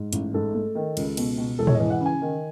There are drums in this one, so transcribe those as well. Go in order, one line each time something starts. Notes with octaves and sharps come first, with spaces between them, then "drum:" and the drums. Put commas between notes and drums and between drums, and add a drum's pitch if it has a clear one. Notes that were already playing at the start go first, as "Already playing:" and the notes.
Already playing: G#2
A1, drum: hi-hat
G#2 A4
A3
D#3
C#2, drum: cymbal
B2, drum: cymbal
B2
E1 A4
C#5, drum: tom
D#5
E3
F#5
C#3
G#5
D#3